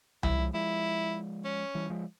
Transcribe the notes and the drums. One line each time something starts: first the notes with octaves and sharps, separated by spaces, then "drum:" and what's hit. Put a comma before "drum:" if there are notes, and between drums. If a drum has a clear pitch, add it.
E3 G3 E4, drum: tom C2
F3 G#3
F3 G#3 E4
C#4
E3 G3
F3 G#3